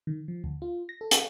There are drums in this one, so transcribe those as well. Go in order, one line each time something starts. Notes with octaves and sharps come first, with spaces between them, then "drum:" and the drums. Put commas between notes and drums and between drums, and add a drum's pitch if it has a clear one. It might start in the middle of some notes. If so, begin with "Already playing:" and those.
D#3
F3
D2
F4
A#6
A4
drum: hi-hat